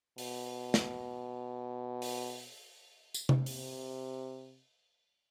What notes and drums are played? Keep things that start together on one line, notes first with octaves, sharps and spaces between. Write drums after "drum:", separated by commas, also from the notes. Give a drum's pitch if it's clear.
B2, drum: open hi-hat
drum: snare
drum: open hi-hat
drum: tambourine
drum: tom C3
C3, drum: open hi-hat